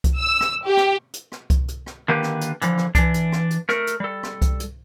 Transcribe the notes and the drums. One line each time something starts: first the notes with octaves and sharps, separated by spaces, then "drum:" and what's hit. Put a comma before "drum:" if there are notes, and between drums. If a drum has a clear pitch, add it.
drum: kick C2, hi-hat
E6
drum: rim click
G4
drum: rim click
drum: hi-hat
drum: rim click
drum: kick C2, hi-hat
drum: hi-hat
drum: rim click
D3 D#3 A#3 G4 B4
drum: rim click
drum: hi-hat
D3 E3 F3, drum: hi-hat
drum: rim click
E3 D4, drum: kick C2, hi-hat
drum: hi-hat
drum: rim click
drum: hi-hat
A3 A#4, drum: rim click
drum: hi-hat
G3 A4
drum: rim click
drum: kick C2, hi-hat
drum: hi-hat